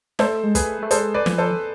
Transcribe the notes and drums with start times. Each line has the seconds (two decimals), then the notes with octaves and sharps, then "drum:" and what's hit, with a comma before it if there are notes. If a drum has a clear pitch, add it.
0.19 A3 A4 C5, drum: snare
0.43 G#3
0.55 A3 G#4 B4, drum: kick, hi-hat
0.83 A3
0.91 G#3 A4 C5, drum: hi-hat
1.14 B4 D5
1.26 F3, drum: snare
1.38 A4 C5